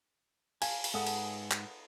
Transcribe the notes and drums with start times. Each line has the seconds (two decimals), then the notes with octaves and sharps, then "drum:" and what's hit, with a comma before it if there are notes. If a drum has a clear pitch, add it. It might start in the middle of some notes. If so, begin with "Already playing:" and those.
0.62 F5 G#5, drum: cymbal
0.84 drum: cymbal
0.94 G#2 B3 D#4 G#4 A4 F#5 D#6
1.07 drum: cymbal
1.51 drum: clap